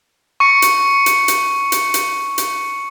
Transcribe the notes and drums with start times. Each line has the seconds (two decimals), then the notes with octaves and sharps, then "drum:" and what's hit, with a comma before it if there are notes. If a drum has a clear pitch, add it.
0.40 C#6 C#7
0.62 drum: hi-hat
1.06 drum: hi-hat
1.28 drum: hi-hat
1.72 drum: hi-hat
1.94 drum: hi-hat
2.38 drum: hi-hat